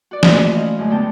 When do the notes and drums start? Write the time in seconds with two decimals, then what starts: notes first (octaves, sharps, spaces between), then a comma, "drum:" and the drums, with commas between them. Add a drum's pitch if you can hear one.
0.11 F#4 D5
0.23 E3 F3 A3 A#3 F#4, drum: snare
0.55 C#4 E4 F#4 C5 D#5 F5
0.77 F#2 D3 G#3 A3 C#4
0.90 D2 C3 B3 G5 A5